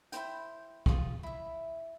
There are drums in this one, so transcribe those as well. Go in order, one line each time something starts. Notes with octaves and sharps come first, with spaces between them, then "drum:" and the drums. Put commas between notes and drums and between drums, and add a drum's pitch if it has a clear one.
E4 F4 C5 G5, drum: hi-hat
F4 G#4, drum: kick
E4 E5